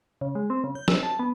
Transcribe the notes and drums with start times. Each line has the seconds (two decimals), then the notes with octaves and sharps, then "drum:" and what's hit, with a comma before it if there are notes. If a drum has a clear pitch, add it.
0.21 C#3
0.35 G#3
0.50 C4
0.64 C#3
0.75 G6
0.88 E6, drum: snare
1.03 A5
1.19 B3